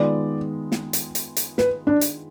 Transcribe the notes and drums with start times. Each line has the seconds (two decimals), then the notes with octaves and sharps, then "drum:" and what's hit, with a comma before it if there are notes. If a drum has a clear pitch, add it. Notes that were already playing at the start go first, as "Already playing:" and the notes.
Already playing: D#3 G#3 B3 F4 D5
0.72 drum: snare
0.93 drum: hi-hat
1.15 drum: hi-hat
1.37 drum: hi-hat
1.58 B4, drum: snare
1.87 D4
2.01 drum: hi-hat